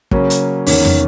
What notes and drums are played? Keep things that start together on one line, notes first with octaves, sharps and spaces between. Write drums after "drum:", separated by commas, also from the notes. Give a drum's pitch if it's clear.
C#3 F#3 A#3 C#4, drum: kick
drum: hi-hat
E2 D#3 A#3 C#4 C#5, drum: open hi-hat
drum: tom